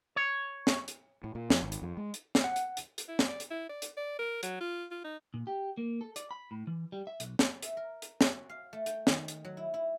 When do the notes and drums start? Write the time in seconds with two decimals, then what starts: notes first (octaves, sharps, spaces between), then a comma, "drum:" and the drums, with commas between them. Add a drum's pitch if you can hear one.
0.16 C#5
0.67 drum: snare
0.88 drum: hi-hat
1.24 A2
1.35 A#2
1.50 F2, drum: snare
1.62 G#1
1.72 drum: hi-hat
1.82 F2
1.97 G#3
2.14 drum: hi-hat
2.35 drum: snare
2.44 F#5
2.56 drum: hi-hat
2.77 drum: hi-hat
2.98 drum: hi-hat
3.08 E4
3.19 drum: snare
3.28 D5
3.40 drum: hi-hat
3.50 E4
3.70 D5
3.82 drum: hi-hat
3.97 D5
4.19 A#4
4.43 F#3, drum: hi-hat
4.61 F4
4.91 F4
5.04 D#4
5.34 A#2
5.47 G4
5.77 A#3
6.01 A4
6.16 D5, drum: hi-hat
6.31 B5
6.51 A2
6.67 E3
6.92 G3
7.07 E5
7.20 B1, drum: hi-hat
7.39 drum: snare
7.62 E5, drum: hi-hat
7.77 A#4
8.02 drum: hi-hat
8.21 F#4, drum: snare
8.49 F5
8.73 A3
8.86 G5, drum: hi-hat
9.07 D#3, drum: snare
9.28 drum: hi-hat
9.45 F#3
9.57 E4
9.74 E4